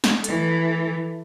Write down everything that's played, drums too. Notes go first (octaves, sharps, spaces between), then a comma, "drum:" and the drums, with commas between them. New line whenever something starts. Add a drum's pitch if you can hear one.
drum: snare
E3 A4, drum: hi-hat